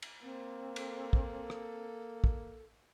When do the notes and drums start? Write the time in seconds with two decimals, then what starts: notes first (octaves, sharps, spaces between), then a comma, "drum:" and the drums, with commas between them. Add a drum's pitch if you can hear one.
0.02 drum: cymbal
0.23 A#3 C4
0.76 A4, drum: cymbal
1.13 drum: kick
1.50 drum: rim click
2.24 drum: kick